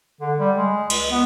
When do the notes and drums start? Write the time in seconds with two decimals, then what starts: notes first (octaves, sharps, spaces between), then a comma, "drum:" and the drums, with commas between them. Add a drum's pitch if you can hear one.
0.21 D3
0.39 G3
0.56 G#3
0.90 C#2, drum: cymbal
1.10 B3